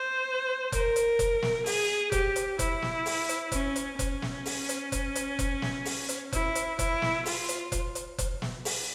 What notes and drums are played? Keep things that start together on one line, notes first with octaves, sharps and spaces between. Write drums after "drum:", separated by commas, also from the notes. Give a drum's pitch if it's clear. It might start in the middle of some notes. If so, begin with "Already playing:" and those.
Already playing: C5
A#4, drum: kick F1, hi-hat
drum: hi-hat
drum: kick F1, hi-hat
drum: snare
G#4, drum: open hi-hat
G4, drum: kick F1, hi-hat
drum: hi-hat
E4, drum: kick F1, hi-hat
drum: snare
drum: open hi-hat
drum: hi-hat
C#4, drum: kick F1, hi-hat
drum: hi-hat
C#4, drum: kick F1, hi-hat
drum: snare
drum: open hi-hat
drum: hi-hat
drum: kick F1, hi-hat
drum: hi-hat
drum: kick F1, hi-hat
drum: snare
drum: open hi-hat
drum: hi-hat
E4, drum: kick F1, hi-hat
drum: hi-hat
E4, drum: kick F1, hi-hat
drum: snare
F4, drum: open hi-hat
drum: hi-hat
drum: kick F1, hi-hat
drum: hi-hat
drum: kick F1, hi-hat
drum: snare
drum: open hi-hat